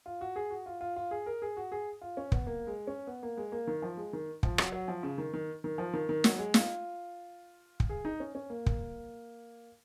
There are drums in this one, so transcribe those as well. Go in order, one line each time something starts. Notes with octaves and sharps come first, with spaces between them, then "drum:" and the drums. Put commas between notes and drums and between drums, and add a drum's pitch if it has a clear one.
F4
F#4
G#4
F#4
F4
F4
F4
G#4
A#4
G#4
F#4
G#4
F4
C#4
B3, drum: kick
A#3
G#3
C#4
B3
A#3
G#3
A#3
D#3
F3
G#3
D#3
F3, drum: kick
F#3, drum: rim click
F#3
F3
C#3
D#3
D#3
D#3
F3
D#3
D#3
F#3, drum: snare
G#3
F4, drum: snare
drum: kick
G#4
D#4
C#4
C#4
A#3
drum: kick